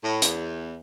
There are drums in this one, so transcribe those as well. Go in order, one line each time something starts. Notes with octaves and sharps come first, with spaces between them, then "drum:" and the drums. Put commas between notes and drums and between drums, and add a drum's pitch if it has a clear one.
A2
E2, drum: hi-hat